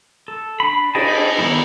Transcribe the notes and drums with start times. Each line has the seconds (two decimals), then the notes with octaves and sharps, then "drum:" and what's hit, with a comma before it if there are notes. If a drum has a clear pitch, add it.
0.28 A4
0.60 D4 B5
0.95 G#4 B4 D#5 G5 A5, drum: cymbal
1.39 D#3 A3 B3 E4